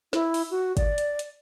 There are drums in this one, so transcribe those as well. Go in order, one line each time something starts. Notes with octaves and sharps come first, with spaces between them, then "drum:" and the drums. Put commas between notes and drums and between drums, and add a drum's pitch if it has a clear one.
E4, drum: snare
drum: open hi-hat
F#4
D5, drum: kick G1, hi-hat
drum: hi-hat
drum: hi-hat